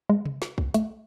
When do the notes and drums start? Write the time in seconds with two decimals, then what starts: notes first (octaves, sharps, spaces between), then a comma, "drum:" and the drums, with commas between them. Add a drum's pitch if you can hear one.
0.10 G#3
0.25 drum: tom
0.42 drum: snare
0.58 drum: kick
0.74 A3, drum: hi-hat